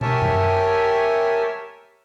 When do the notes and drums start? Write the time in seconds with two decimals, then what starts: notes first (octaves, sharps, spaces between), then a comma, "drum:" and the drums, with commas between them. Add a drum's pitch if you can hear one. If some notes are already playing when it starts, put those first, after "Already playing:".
0.01 G4 A#4 C#5 E5 G#5 A5, drum: tom
0.22 drum: tom F#2